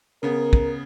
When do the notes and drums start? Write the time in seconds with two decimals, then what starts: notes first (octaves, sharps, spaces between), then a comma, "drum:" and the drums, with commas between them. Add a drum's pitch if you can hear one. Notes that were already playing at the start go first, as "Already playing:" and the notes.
0.23 C#3 B3 A#4
0.53 drum: kick